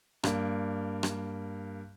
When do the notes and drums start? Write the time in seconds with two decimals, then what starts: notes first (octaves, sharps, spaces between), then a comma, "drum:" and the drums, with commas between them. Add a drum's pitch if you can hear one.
0.24 G2 A#3, drum: rim click
1.03 drum: rim click